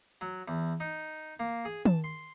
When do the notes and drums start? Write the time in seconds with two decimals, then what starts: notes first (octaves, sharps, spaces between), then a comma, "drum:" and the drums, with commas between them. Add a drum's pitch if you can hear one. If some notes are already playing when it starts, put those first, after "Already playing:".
0.21 F#3, drum: tambourine
0.48 E2
0.80 D#4
1.40 A#3
1.65 G#4
1.85 A5, drum: tom
2.04 C6